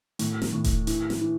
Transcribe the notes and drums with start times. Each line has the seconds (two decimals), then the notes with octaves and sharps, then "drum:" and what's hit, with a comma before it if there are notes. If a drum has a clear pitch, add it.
0.19 A2, drum: hi-hat
0.42 drum: snare
0.53 A2
0.64 drum: kick D#1, hi-hat
0.87 E3, drum: hi-hat
1.10 drum: snare
1.21 E3